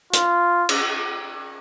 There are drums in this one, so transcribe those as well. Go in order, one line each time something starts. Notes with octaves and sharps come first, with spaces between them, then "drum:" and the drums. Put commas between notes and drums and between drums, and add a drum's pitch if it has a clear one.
F4, drum: hi-hat
drum: cymbal